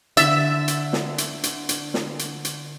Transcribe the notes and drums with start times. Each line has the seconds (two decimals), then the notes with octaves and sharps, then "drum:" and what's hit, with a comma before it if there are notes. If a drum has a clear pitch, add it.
0.17 D3 E5 E6 A6, drum: hi-hat
0.68 drum: hi-hat
0.93 drum: snare
1.18 drum: hi-hat
1.43 drum: hi-hat
1.69 drum: hi-hat
1.94 drum: snare
2.19 drum: hi-hat
2.45 drum: hi-hat